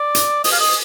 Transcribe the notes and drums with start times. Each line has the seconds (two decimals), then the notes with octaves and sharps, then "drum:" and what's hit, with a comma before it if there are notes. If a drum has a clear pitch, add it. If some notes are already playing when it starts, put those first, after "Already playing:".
Already playing: D5
0.15 drum: hi-hat
0.44 D#5, drum: open hi-hat
0.52 F5
0.60 D#5